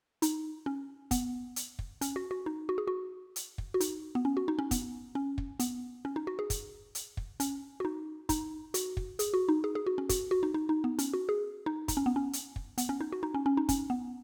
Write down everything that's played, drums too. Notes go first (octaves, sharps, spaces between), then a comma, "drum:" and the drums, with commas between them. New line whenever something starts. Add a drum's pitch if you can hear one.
D#4, drum: hi-hat
C#4
B3, drum: kick, hi-hat
drum: hi-hat
drum: kick
C#4, drum: hi-hat
F#4
F#4
D#4
F#4
G#4
F#4
drum: hi-hat
drum: kick
F#4
D#4, drum: hi-hat
B3
C#4
F#4
D#4
C#4
B3, drum: kick, hi-hat
C#4
drum: kick
B3, drum: hi-hat
C#4
D#4
F#4
G#4
drum: kick, hi-hat
drum: hi-hat
drum: kick
C#4, drum: hi-hat
F#4
D#4
D#4, drum: kick, hi-hat
F#4, drum: hi-hat
drum: kick
G#4, drum: hi-hat
F#4
D#4
G#4
G#4
F#4
C#4
F#4, drum: kick, hi-hat
F#4
D#4
D#4
D#4
B3
C#4, drum: hi-hat
F#4
G#4
D#4
D#4, drum: kick, hi-hat
C#4
B3
C#4
drum: hi-hat
drum: kick
B3, drum: hi-hat
C#4
D#4
F#4
D#4
C#4
C#4
D#4
C#4, drum: kick, hi-hat
B3